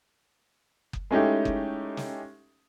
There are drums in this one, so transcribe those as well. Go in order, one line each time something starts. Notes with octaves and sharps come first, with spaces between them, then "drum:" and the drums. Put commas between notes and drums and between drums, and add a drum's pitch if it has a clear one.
drum: kick F#1
G#3 A3 C#4 D#4 E4 G4
drum: kick F#1
drum: snare